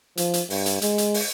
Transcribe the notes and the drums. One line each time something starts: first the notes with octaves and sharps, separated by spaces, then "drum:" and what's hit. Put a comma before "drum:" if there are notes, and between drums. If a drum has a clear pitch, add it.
F3, drum: hi-hat
drum: hi-hat
G2, drum: open hi-hat
drum: hi-hat
G#3, drum: hi-hat
drum: hi-hat
drum: open hi-hat